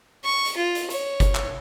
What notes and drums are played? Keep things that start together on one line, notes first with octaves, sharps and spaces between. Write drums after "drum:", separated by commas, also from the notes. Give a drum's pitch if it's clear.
C#6
drum: hi-hat
F4
drum: hi-hat
C#5, drum: hi-hat
drum: kick F#1, hi-hat
drum: clap